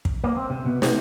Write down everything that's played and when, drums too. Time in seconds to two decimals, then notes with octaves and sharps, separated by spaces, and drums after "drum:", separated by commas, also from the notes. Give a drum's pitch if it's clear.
0.05 drum: kick
0.24 A#3
0.37 C4
0.50 C3
0.66 B2
0.82 C3, drum: snare